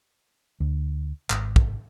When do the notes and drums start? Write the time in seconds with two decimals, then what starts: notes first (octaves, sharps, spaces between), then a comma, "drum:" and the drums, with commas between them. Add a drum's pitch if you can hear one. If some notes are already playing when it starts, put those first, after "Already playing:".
0.60 D2
1.30 G#1, drum: clap
1.56 drum: kick